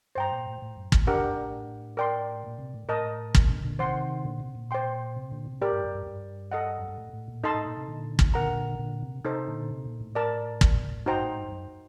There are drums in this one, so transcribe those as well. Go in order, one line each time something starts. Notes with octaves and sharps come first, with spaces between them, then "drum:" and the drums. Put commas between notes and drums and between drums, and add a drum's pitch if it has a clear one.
G2 C5 G5 A#5
A#2
A2
A2
F#2
A2, drum: kick
F#2 D4 G4 A#4 F#5
G2
A2
A#4 D5 G5 C6
A#2
C3
A2
A2 A#4 D#5 A5
C3, drum: kick
A#2 D3
A#2 D3
C3 D#3 C5 F#5 C6
A#2 D3
C3
A#2
C5 G5 C6
C3
A#2 D3
C3
A2 G4 A#4 D5
G2
F#2
G2
F#2
G2
A4 D#5 F#5
F#2
G2
A2
A2
A#2
A2 D#4 A4 D#5 A5 C6
A2
A#2
C3
A#2 D3
drum: kick
A#2 D3 A#4 F#5 A#5
A#2 D3
C3
C3 D#4 A4 C5
A#2 D3
C3
A#2
A2
A#4 D5 A5
drum: kick
G2 D#4 F#4 C5 G5 A#5
A2
G2
G2
F#2